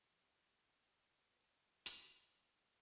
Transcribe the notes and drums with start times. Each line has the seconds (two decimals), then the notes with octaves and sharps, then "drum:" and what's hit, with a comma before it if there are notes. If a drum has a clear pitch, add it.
0.10 E3 G3 G6 D7
1.29 C4 F4 G#4 B4
1.86 drum: hi-hat